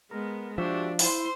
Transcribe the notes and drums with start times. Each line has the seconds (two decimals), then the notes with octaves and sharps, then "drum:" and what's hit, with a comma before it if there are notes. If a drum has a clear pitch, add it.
0.11 G#3 B3 A#4
0.58 F3 D4 F#4 G4 E5
0.99 E4 C5 C6, drum: open hi-hat